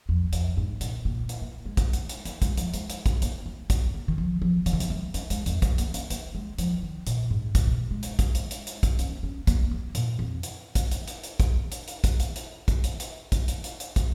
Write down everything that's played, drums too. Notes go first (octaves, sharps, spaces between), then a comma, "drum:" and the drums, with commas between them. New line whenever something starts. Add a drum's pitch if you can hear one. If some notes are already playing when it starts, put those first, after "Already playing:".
F2
F2, drum: hi-hat
G#2
A#2, drum: hi-hat
A#2
drum: hi-hat
A#3
G#3
drum: kick, hi-hat
drum: hi-hat
drum: hi-hat
A#3, drum: hi-hat
G#3, drum: kick, hi-hat
F3, drum: hi-hat
G#3, drum: hi-hat
drum: hi-hat
drum: kick, hi-hat
A#3, drum: hi-hat
A#3
drum: kick, hi-hat
A#3
D#3
F3
F3
F3, drum: hi-hat
D#3
F3, drum: hi-hat
G#3
C#4, drum: hi-hat
G#3, drum: hi-hat
F2, drum: hi-hat
G#3, drum: kick, hi-hat
A#3, drum: hi-hat
C#4, drum: hi-hat
A#3, drum: hi-hat
G#3
F3, drum: hi-hat
D#3
A#2, drum: hi-hat
G#2
G#2, drum: kick, hi-hat
A#2
G#3
drum: hi-hat
drum: kick, hi-hat
drum: hi-hat
drum: hi-hat
drum: hi-hat
drum: kick, hi-hat
C#4, drum: hi-hat
C#4
A#3, drum: kick, hi-hat
A#3
A#2, drum: hi-hat
F2
drum: hi-hat
drum: kick, hi-hat
drum: hi-hat
drum: hi-hat
drum: hi-hat
drum: kick, hi-hat
drum: hi-hat
drum: hi-hat
drum: kick, hi-hat
drum: hi-hat
drum: hi-hat
drum: kick, hi-hat
drum: hi-hat
drum: hi-hat
drum: kick, hi-hat
drum: hi-hat
drum: hi-hat
drum: hi-hat
drum: kick, hi-hat